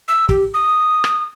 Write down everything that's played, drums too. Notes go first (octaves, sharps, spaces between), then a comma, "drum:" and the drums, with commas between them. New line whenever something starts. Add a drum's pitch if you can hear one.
E6
G4, drum: kick
D#6
drum: rim click